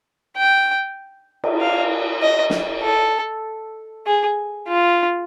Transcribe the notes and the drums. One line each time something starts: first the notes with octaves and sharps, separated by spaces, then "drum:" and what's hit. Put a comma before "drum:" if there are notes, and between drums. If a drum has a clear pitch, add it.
G5
drum: cymbal
F5
D#5
drum: snare
A4
G#4
F4